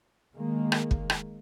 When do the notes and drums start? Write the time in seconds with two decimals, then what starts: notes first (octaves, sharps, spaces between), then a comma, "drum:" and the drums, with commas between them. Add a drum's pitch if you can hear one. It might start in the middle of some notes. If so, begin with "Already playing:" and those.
0.34 D#3 G#3 A#3
0.72 drum: rim click
0.91 drum: kick
1.10 drum: rim click